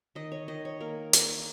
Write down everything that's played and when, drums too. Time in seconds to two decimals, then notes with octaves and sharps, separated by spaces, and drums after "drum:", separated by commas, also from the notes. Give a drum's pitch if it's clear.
0.15 D#3 D#5
0.32 C#5
0.48 D#3 D#5
0.65 C#5
0.80 A#3 A#4
1.13 A#3, drum: hi-hat